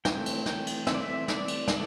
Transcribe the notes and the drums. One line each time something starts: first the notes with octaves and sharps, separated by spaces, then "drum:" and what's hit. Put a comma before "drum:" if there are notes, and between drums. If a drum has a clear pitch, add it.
E3 A3 C4 G5, drum: snare
drum: cymbal
G5, drum: snare
drum: cymbal
E3 A3 C4 E5, drum: snare
D5
E5
D5, drum: snare
drum: cymbal
E3 A3 D5, drum: snare